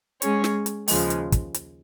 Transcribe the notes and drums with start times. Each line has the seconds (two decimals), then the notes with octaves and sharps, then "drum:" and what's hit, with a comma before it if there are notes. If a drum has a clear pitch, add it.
0.22 G#3 C#4 G#4 C#5, drum: hi-hat
0.44 drum: snare
0.66 drum: hi-hat
0.88 D#2 C#3 F3 G#3, drum: open hi-hat
1.10 drum: hi-hat
1.32 drum: kick, hi-hat
1.54 drum: hi-hat